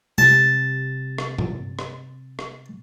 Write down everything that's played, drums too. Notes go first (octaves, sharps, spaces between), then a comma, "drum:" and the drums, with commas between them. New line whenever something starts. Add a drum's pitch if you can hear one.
C3 A5, drum: tom G#3
drum: rim click
drum: tom G2
drum: rim click
drum: rim click